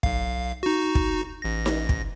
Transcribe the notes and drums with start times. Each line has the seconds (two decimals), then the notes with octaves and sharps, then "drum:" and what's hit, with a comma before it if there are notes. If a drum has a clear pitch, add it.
0.03 B1 F5, drum: kick
0.63 D#4 F#4
0.95 drum: kick
1.42 A1 A#6
1.66 drum: snare D#4
1.89 drum: kick